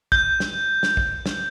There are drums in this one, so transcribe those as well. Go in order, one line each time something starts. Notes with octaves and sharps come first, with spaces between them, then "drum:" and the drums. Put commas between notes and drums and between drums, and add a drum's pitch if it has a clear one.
G6, drum: kick
drum: snare
drum: snare
drum: kick
drum: snare